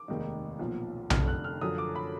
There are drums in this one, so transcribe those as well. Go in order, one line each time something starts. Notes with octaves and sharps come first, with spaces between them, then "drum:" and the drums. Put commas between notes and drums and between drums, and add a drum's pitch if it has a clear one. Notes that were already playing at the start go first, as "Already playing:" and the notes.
Already playing: D6
F1 D#2 D#3 G#3 D#4
B1 A#2 F3
F1 F2 D3 F6, drum: tom B1
F#6
F6
F#2 D3 F3 D#6
D6
B5